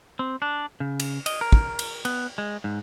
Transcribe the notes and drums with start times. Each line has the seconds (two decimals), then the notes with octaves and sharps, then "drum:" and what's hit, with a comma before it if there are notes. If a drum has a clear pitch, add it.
0.19 C4
0.42 D4
0.80 C#3
1.00 drum: cymbal
1.26 D#5, drum: cymbal
1.41 A#4
1.52 drum: kick
1.79 drum: cymbal
2.05 B3, drum: cymbal
2.38 G#3
2.64 G#2